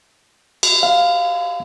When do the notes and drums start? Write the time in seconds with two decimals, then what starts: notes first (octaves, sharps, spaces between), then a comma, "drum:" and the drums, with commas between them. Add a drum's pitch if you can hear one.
0.63 drum: cymbal
0.83 F5